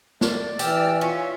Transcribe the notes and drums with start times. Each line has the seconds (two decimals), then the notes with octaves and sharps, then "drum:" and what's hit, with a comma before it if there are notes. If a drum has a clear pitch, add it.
0.21 A3 D5, drum: snare
0.59 E3 G4 E6 F6, drum: tambourine
1.01 C#4 F4 E5 C#6